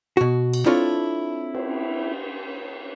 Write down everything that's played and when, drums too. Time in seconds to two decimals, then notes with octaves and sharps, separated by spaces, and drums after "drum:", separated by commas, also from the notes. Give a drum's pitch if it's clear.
0.17 B2 F#4
0.53 drum: cymbal
0.66 C4 D4 E4 F4 A4 C#5
1.54 drum: cymbal